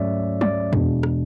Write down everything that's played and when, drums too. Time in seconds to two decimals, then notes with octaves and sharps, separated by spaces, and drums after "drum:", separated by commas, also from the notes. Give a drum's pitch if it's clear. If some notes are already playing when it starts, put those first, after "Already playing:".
Already playing: G#2 F#3 A3 C#4 C#5 D5 E5
0.41 D5, drum: tom F#3
0.73 E2 B2 G#3 D4, drum: tom F2
1.03 drum: rim click